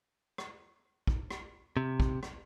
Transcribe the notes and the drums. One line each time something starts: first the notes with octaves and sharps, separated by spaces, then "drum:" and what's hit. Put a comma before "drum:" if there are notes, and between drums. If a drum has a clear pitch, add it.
drum: rim click
drum: kick
drum: rim click
C3
drum: kick
drum: rim click